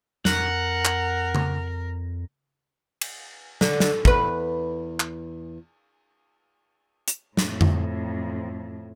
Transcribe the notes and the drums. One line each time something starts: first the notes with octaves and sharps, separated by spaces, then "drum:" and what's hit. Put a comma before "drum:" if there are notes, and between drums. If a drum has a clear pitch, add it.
F2 A#4 F#5, drum: snare
drum: clap
drum: tom C#3
drum: cymbal
D3, drum: snare
drum: snare
E2 B4, drum: kick
drum: clap
drum: hi-hat
F2 A2, drum: snare
drum: tom F2